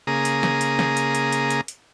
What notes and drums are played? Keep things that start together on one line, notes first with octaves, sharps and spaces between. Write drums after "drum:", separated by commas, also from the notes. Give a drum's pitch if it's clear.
C#3 A#3 G#4 A#5 D#6
drum: hi-hat
drum: snare
drum: hi-hat
drum: snare
drum: hi-hat
drum: hi-hat
drum: hi-hat
drum: hi-hat
drum: hi-hat